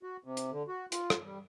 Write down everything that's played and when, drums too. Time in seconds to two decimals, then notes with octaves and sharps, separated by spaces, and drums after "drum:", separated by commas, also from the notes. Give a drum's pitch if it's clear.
0.03 F#4
0.24 C3
0.37 drum: hi-hat
0.51 D3
0.68 F#4
0.92 F4, drum: hi-hat
1.10 drum: rim click
1.25 G3